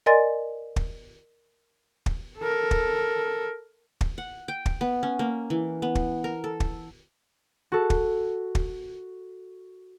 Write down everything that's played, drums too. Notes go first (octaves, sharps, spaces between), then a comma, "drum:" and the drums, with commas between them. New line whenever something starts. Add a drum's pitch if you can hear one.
A#4 D5 D#5 G#5 C6 A6
drum: kick
drum: kick
A4 A#4
drum: kick
drum: kick
F#5
G5
drum: kick
B3
C#4
A#3
E3
B3
drum: kick
A#4
A4
drum: kick
F#4 A4
drum: kick
drum: kick